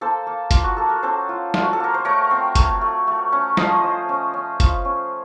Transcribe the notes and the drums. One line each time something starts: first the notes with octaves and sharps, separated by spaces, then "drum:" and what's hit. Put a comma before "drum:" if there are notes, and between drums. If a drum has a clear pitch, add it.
A#3 A4 C5
A#3
A#3 F4, drum: kick F#1, hi-hat
F#4
A#3 A4
A#4
C#4 A4 C5
F4
F4, drum: snare
F#4
A4
A#3 A#4
C5
A3 A#4 C#5
C4
A3, drum: kick F#1, hi-hat
A3
A3
C#4
F3 C5 D#5, drum: snare
F3
C#4
C#4
F4, drum: kick F#1, hi-hat
C#4